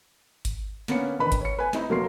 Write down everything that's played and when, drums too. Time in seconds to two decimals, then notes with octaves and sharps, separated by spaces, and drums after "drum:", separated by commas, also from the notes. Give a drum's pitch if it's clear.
0.45 drum: kick G#1, hi-hat
0.88 D3 A#3 B3 C#4 C#7, drum: snare
1.19 E1 D#3 D4 B4 B5
1.32 drum: kick G#1, hi-hat
1.41 C#5 C#7
1.59 B4 G#5
1.73 C4 D#4 E4, drum: snare
1.89 F1 F#3 A#3 A#4 C6 C7